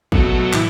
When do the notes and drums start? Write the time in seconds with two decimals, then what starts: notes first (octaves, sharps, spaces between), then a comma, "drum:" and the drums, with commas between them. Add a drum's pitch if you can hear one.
0.12 B2 F#3 A3, drum: kick
0.53 A2 E3, drum: clap